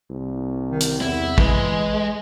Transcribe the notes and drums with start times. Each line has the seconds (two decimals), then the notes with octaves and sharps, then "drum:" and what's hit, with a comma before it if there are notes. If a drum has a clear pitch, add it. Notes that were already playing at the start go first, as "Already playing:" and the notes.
0.10 C2
0.71 D#3
0.81 drum: hi-hat
1.01 E2 E4
1.38 E3 G#3, drum: kick